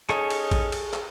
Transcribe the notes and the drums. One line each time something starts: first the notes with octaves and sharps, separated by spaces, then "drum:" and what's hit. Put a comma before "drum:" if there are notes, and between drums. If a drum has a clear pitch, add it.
C#4 D#4 G#4 A4 C#5 C#6, drum: clap
drum: cymbal
drum: kick A#1, cymbal
drum: cymbal
drum: clap